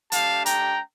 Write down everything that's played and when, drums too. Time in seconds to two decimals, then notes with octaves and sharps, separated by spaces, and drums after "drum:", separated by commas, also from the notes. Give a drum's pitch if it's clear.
0.12 A3 D4 G4 F5 A5, drum: hi-hat
0.46 G5 A#5, drum: hi-hat